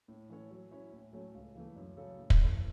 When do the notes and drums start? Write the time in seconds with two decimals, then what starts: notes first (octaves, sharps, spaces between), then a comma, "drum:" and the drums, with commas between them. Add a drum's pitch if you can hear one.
0.08 A2
0.29 E3 C#4 A4 C#5
0.51 F#3
0.71 C#4 E4 C#5
0.93 A2
1.13 F#3 A3 C#4
1.34 C#2
1.55 C#3 E3 A3
1.76 F#2
1.97 C#3 F#3 C#4 A4
2.18 A2
2.30 drum: kick
2.40 E3 C#4 A4